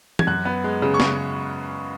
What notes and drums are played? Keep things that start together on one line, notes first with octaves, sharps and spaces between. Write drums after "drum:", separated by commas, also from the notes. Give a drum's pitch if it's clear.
G#6, drum: tom E3
F#2 F#6
B3
G#3
C#3
C#6
C#3, drum: snare